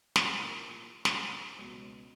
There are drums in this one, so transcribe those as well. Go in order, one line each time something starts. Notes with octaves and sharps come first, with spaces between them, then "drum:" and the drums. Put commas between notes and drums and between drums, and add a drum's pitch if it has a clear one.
drum: snare
A#2 A#3 E4
drum: snare
C#2 B2 F#3